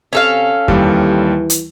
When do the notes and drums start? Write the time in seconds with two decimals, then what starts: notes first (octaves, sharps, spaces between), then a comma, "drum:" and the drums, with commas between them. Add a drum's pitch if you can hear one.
0.13 C3 C#4 A4 F5
0.68 D#2 E3 G3, drum: kick F2
1.50 drum: hi-hat